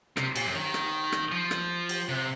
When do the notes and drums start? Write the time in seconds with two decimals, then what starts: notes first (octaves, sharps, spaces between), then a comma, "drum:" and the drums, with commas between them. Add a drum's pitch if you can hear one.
0.17 C3, drum: rim click
0.36 A#2, drum: cymbal
0.46 F#2
0.55 D#3
0.74 drum: rim click
1.12 drum: rim click
1.32 F3
1.51 drum: rim click
1.89 drum: cymbal
2.09 C3